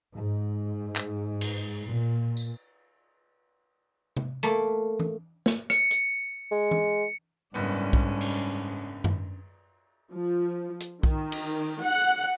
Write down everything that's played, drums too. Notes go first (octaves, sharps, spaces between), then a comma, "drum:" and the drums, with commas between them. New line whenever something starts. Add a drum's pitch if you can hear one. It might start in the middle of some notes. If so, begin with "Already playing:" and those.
G#2
drum: clap
drum: cymbal
A#2
drum: tambourine
drum: tom C3
A3 A#3
drum: tom E3
drum: snare
C#7, drum: rim click
drum: hi-hat
G#3
drum: tom E3
F#1 G#2 G3 B3 C#4 D4
drum: kick B1
drum: cymbal
drum: tom F#2
F3
drum: hi-hat
D#3, drum: kick B1
drum: cymbal
F#5